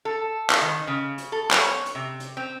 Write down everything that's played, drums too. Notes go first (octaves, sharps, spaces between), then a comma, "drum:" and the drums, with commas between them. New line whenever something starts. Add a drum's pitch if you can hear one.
A4
drum: clap
D#3
C#3
drum: hi-hat
A4
C#5, drum: clap
drum: hi-hat
C3
drum: hi-hat
C4